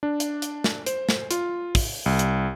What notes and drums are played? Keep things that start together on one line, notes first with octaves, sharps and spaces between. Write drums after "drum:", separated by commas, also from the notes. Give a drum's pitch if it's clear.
D4
drum: hi-hat
drum: hi-hat
drum: snare
C5, drum: hi-hat
drum: snare
F4, drum: hi-hat
drum: kick, open hi-hat
C2
drum: hi-hat